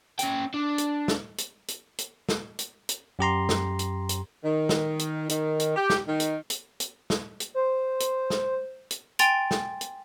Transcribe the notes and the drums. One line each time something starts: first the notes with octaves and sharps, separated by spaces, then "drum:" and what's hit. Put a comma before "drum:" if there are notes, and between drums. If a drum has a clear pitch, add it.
C#4 G5, drum: hi-hat
D4
drum: hi-hat
drum: snare
drum: hi-hat
drum: hi-hat
drum: hi-hat
drum: snare
drum: hi-hat
drum: hi-hat
F#2 G4 A#5 C6
drum: snare
drum: hi-hat
drum: hi-hat
D#3
drum: snare
drum: hi-hat
D#3, drum: hi-hat
drum: hi-hat
G4
drum: snare
D#3
drum: hi-hat
drum: hi-hat
drum: hi-hat
drum: snare
drum: hi-hat
C5
drum: hi-hat
drum: snare
drum: hi-hat
G5 G#5 C6 A6 D7 F7, drum: hi-hat
drum: snare
drum: hi-hat